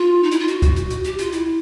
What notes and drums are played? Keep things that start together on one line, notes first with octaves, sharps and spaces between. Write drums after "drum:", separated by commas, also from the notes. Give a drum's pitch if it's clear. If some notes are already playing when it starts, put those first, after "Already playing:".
Already playing: F4
D#4
E4, drum: hi-hat
F4
F#4, drum: hi-hat
drum: kick, hi-hat
drum: hi-hat
drum: hi-hat
G4, drum: hi-hat
F4, drum: hi-hat
E4, drum: hi-hat